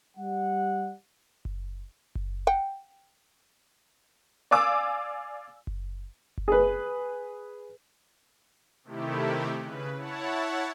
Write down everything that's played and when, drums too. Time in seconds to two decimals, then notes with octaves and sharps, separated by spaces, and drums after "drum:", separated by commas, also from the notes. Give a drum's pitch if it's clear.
0.17 G3 F#5
1.45 drum: kick F#1
2.15 drum: kick F#1
2.47 F#5 G5
4.51 D5 F5 G#5 D6 E6
5.67 drum: kick F#1
6.38 drum: kick F#1
6.48 G#4 B4
8.84 C3 D#3 A3 E4 G4
9.61 C#3 B4
9.97 E4 C#5 F#5 A5